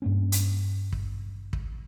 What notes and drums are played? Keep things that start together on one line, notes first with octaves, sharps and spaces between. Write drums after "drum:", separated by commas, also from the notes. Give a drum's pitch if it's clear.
G2 A#3 C#4
drum: hi-hat
drum: kick
drum: kick